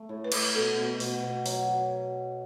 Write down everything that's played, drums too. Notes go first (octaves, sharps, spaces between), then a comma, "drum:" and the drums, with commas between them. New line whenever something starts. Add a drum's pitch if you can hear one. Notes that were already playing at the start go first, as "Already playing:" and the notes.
Already playing: A3
A2
B4
A2, drum: cymbal
B2 A4
B2
B2, drum: open hi-hat
B2
F#3, drum: open hi-hat
F#3